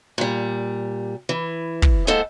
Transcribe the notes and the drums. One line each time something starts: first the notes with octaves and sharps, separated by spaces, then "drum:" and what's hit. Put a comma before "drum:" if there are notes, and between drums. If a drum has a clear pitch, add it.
A#2 G3
E3
drum: kick
G#3 A#3 B3 A4 C5